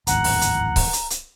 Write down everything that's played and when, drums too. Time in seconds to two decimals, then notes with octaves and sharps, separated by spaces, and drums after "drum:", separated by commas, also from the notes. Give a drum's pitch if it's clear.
0.07 D1 G#1 E2 F#5 A#5, drum: hi-hat
0.24 drum: open hi-hat
0.41 drum: hi-hat
0.76 drum: kick C#1, open hi-hat
0.93 drum: hi-hat
1.10 drum: hi-hat